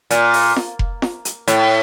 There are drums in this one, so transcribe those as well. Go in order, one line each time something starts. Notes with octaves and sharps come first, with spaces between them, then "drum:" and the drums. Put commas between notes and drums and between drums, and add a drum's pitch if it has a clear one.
A#2, drum: hi-hat
drum: open hi-hat
drum: snare
drum: kick F1
drum: snare
drum: hi-hat
A2, drum: hi-hat